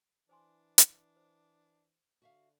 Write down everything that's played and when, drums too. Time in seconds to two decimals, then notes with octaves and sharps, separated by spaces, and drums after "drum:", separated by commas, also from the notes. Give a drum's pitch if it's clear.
0.29 E3 D4 C5 G#5 C6
0.78 drum: hi-hat
1.16 C5
2.22 D3 F#4 E5 F5